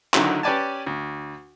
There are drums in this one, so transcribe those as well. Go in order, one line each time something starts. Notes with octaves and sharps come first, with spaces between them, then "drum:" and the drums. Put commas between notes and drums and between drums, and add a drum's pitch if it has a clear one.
D3 D#3 F#3 E4, drum: clap
C#4 G4 B4 D5 G#5 A5
D2